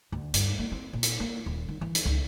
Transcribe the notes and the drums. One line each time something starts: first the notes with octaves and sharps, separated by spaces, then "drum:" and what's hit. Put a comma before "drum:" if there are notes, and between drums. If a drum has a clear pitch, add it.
D2
G2, drum: hi-hat
A#3
C4
A#2
drum: hi-hat
A#3
D#1
D#3
E3
drum: hi-hat
C#2